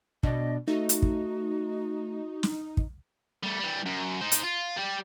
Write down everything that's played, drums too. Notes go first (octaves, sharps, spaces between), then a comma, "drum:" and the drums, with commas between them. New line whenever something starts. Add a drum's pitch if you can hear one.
B2 D4 D5 D#5, drum: kick
A3 D#4 F#4
drum: hi-hat
drum: kick
drum: snare
drum: kick
G3 A3
E3 G3
F#2
D#4 C5
drum: hi-hat
F4
G3 G4